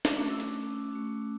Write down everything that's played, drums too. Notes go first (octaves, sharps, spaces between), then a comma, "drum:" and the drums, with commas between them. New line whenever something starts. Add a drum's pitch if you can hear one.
drum: snare
A3 C#4 F#4 D6
E6
D6, drum: hi-hat
A3 C#4 F#4